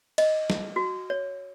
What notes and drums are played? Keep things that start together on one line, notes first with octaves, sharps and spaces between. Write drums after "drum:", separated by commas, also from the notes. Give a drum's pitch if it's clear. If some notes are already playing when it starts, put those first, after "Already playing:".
D#5, drum: cymbal
drum: snare
F#4
C#5